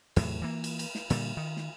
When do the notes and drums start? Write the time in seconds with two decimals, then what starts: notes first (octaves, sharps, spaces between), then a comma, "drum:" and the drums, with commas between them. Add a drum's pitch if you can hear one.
0.16 E2 A2 C3 F#3, drum: cymbal
0.42 E3 A#3
0.64 drum: cymbal
0.79 drum: cymbal
0.95 drum: snare
1.10 A#2 D3 G3, drum: cymbal
1.37 D#3
1.57 drum: snare